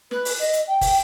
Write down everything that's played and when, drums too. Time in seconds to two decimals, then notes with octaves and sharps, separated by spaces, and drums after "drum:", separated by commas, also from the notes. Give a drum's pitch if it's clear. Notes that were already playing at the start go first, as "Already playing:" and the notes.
0.11 B4, drum: snare
0.25 drum: open hi-hat
0.39 D#5
0.53 drum: hi-hat
0.67 G5
0.81 drum: kick, open hi-hat